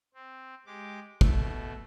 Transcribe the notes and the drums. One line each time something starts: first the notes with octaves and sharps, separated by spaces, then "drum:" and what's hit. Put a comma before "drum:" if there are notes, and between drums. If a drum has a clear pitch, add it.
C4
G#3 G4 D6
B2 A3, drum: kick